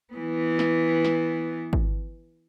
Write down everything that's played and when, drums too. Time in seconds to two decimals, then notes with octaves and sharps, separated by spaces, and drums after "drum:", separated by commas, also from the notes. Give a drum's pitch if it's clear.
0.14 E3 B3
0.59 drum: snare
1.05 drum: snare
1.73 drum: kick